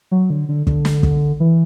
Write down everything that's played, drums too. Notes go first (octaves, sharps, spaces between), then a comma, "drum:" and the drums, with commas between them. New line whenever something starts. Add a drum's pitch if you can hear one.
F#3
D3
D3
D3, drum: kick
drum: snare
drum: kick
E3